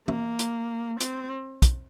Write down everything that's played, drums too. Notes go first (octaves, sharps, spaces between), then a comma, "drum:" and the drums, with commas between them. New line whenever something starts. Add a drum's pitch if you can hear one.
A#3, drum: tom E3
drum: hi-hat
C4, drum: hi-hat
drum: kick, hi-hat